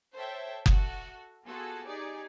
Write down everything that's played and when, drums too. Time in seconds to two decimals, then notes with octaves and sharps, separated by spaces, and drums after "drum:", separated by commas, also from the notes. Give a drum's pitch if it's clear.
0.14 A4 C5 C#5 E5 G5 A5
0.66 F#4 A4, drum: kick F#1
1.43 B3 F4 F#4 G#4 A4
1.86 D#4 G4 G#4 D5